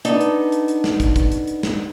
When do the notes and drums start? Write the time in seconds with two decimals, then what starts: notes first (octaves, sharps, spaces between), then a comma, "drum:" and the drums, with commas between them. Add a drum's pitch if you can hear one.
0.05 B3 D4 D#4 A4, drum: hi-hat
0.21 drum: hi-hat
0.52 drum: hi-hat
0.68 drum: hi-hat
0.84 drum: snare
1.00 drum: kick, hi-hat
1.16 drum: kick, hi-hat
1.32 drum: hi-hat
1.47 drum: hi-hat
1.63 drum: snare